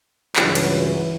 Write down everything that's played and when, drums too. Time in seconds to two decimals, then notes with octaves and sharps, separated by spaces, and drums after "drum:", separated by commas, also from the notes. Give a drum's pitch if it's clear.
0.36 C#2 G2 E3 F#3, drum: clap
0.55 drum: cymbal